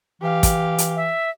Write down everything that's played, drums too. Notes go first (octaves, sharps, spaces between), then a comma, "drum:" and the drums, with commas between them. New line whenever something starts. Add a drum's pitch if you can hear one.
E3 G4 F5
drum: kick, hi-hat
drum: hi-hat
E5